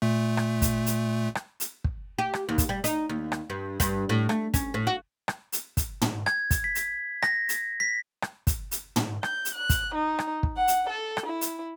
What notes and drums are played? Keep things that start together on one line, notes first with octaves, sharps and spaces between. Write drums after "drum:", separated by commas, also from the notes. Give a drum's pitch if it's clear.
A#2 A3
drum: rim click
drum: kick, hi-hat
drum: hi-hat
drum: rim click
drum: hi-hat
drum: kick
G4
drum: rim click
D#2
drum: kick, hi-hat
G3
D#4, drum: hi-hat
D#2
drum: rim click
G2
G2, drum: kick, hi-hat
A2
A3, drum: rim click
C#4, drum: kick, hi-hat
A2
F#4
drum: rim click
drum: hi-hat
drum: kick, hi-hat
drum: tom
G#6, drum: rim click
drum: kick, hi-hat
B6
drum: hi-hat
A#6, drum: rim click
drum: hi-hat
B6
drum: rim click
drum: kick, hi-hat
drum: hi-hat
drum: tom
G6, drum: rim click
drum: hi-hat
F#6
drum: kick, hi-hat
D#4
drum: rim click
drum: kick
F#5
drum: hi-hat
A4
drum: rim click
E4
drum: hi-hat